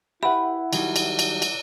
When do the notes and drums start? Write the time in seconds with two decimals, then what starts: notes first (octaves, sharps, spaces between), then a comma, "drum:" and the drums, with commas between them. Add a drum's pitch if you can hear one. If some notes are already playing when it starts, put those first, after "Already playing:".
0.23 E4 G4 B4 E5 F#5 B5
0.73 D#3 F#3 G3, drum: cymbal
0.96 drum: cymbal
1.19 drum: cymbal
1.42 drum: cymbal